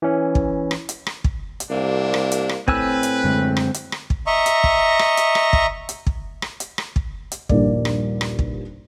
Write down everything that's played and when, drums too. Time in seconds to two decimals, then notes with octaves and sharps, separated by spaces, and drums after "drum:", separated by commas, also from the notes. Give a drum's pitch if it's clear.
0.02 E3 C#4
0.35 drum: kick
0.71 drum: rim click
0.89 drum: hi-hat
1.07 drum: rim click
1.24 drum: kick
1.60 drum: hi-hat
1.70 C2 C3 A#3 D4
2.14 drum: rim click
2.32 drum: hi-hat
2.49 drum: rim click
2.68 A2 C4 B4 G#5 E6, drum: kick
3.03 drum: hi-hat
3.24 F#2 D3 G#3
3.57 drum: rim click
3.74 drum: hi-hat
3.92 drum: rim click
4.10 drum: kick
4.27 D#5 E5 A#5 C#6
4.46 drum: hi-hat
4.64 drum: kick
4.99 drum: rim click
5.17 drum: hi-hat
5.35 drum: rim click
5.53 drum: kick
5.89 drum: hi-hat
6.07 drum: kick
6.42 drum: rim click
6.60 drum: hi-hat
6.78 drum: rim click
6.96 drum: kick
7.32 drum: hi-hat
7.49 D#1 A#1 G2 A#3 D5, drum: kick
7.85 drum: rim click
8.21 drum: rim click
8.39 drum: kick